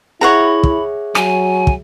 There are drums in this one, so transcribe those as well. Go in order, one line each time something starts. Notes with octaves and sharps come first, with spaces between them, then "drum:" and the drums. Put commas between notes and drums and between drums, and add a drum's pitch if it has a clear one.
E4 G#4 C#5 E5 F#5 A#5 B5
drum: kick
F#3 G#5, drum: rim click
drum: kick